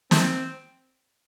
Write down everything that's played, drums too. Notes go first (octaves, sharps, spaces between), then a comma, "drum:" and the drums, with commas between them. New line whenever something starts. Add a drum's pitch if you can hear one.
C4, drum: snare